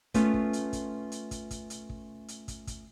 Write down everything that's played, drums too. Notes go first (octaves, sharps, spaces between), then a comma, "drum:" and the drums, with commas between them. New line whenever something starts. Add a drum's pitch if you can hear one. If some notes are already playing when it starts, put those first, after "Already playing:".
A3 B3 C#4 F4 A4, drum: kick, hi-hat
drum: kick
drum: hi-hat
drum: kick, hi-hat
drum: hi-hat
drum: kick, hi-hat
drum: kick, hi-hat
drum: hi-hat
drum: kick
drum: hi-hat
drum: kick, hi-hat
drum: kick, hi-hat